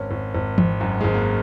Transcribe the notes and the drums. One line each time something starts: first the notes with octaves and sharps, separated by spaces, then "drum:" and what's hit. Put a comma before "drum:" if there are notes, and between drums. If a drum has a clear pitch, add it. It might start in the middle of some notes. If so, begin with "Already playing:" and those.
Already playing: G#1 C#4
G#1
G#1
G#1, drum: tom E3
F#2
G#1 G#3
A#3